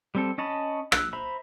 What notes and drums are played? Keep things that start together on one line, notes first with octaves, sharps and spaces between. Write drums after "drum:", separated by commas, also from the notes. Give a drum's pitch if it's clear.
G3 C4 A4
C#4 D#5 A5 B5
E6 F#6, drum: rim click
C5 E5 A#5 B5